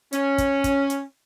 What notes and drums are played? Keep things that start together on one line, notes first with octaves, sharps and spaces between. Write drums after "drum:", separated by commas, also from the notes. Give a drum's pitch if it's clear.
C#4, drum: hi-hat
drum: kick, hi-hat
drum: kick, hi-hat
drum: hi-hat